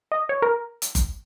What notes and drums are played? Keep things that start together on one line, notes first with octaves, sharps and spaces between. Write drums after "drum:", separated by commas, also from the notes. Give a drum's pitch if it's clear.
D#5
C#5
A#4
drum: hi-hat
drum: kick F#1, hi-hat